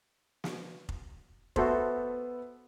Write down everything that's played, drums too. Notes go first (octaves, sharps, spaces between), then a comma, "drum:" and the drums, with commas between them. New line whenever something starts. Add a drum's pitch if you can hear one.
drum: snare
drum: kick F1
B3 F#4 A4 C5 E5, drum: kick F1